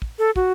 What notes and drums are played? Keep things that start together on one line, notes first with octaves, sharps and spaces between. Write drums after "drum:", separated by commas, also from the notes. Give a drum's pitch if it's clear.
drum: kick
A4
F#4, drum: kick